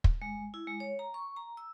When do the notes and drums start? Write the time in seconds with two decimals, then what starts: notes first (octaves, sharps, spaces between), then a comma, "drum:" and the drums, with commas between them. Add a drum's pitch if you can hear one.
0.04 drum: kick
0.22 G#3
0.54 E4
0.67 G#3
0.80 C#5
0.99 A#5
1.14 C#6
1.36 A#5
1.57 E6